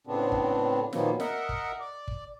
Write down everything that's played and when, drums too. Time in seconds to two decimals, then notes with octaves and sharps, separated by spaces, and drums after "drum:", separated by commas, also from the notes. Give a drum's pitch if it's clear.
0.07 A2 C#3 B3 C4 D4
0.32 drum: kick
0.93 A#2 D#3 F3 F#3 A#3 B3, drum: snare
1.20 A#4 D#5 E5 F#5, drum: snare
1.49 drum: kick
1.80 D5
2.08 drum: kick